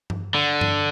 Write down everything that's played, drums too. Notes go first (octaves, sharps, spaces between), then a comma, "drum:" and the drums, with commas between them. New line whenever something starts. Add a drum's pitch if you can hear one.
drum: tom G2
D3
drum: tom G2